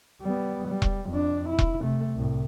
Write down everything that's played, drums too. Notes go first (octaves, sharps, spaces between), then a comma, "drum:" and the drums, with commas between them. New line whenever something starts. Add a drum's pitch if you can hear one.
G3 B3
G3
drum: kick E1
F2 D4
E4
drum: kick E1
C3 A3
C2 A2